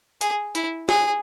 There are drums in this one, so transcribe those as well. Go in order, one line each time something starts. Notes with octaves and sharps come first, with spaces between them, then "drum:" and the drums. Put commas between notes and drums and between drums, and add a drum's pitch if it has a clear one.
G#4, drum: hi-hat
E4, drum: hi-hat
G#4, drum: snare